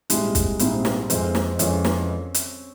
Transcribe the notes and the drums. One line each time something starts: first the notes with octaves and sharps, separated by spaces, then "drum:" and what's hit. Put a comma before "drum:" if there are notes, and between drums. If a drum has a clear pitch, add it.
A#1 G#2 G3 G#3 C4 E4, drum: hi-hat
drum: kick, hi-hat
A#1 G#2 G3 C4 E4, drum: hi-hat
drum: snare
F2 E3 G#3 C4, drum: hi-hat
drum: snare
F2 E3 G#3 C#4, drum: hi-hat
drum: snare
drum: hi-hat